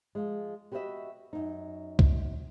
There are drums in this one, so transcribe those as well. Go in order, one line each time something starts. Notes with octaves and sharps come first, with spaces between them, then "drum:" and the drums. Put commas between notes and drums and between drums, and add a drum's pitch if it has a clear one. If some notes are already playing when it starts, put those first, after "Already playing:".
F3 G#3
F#4 G4 B4 C5 D#5 E5
F#2 D#4
drum: kick